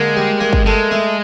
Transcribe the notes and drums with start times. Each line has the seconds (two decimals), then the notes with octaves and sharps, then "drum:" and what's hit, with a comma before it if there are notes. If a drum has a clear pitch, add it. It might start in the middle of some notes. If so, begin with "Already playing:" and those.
Already playing: D3 G#3 A#3
0.16 G3
0.41 A#3
0.53 drum: kick
0.65 G#3 A3
0.91 A3